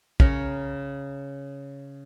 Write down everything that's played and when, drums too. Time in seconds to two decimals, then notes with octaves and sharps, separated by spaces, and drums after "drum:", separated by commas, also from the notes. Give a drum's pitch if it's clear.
0.20 C#3 C#4 A#4 C#5, drum: kick